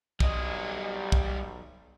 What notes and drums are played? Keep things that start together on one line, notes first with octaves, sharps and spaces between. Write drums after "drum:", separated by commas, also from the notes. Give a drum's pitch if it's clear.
B1 G3 D#5, drum: kick
drum: kick